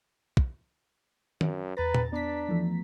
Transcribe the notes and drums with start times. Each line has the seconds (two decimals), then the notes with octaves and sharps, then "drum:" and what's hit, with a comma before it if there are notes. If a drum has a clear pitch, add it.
0.37 drum: kick
1.41 F#2, drum: tom D#3
1.77 E2 B4 A#5 A6
1.94 drum: tom A#2
2.13 B3 D4 A#5 B6
2.49 E3 F3 A3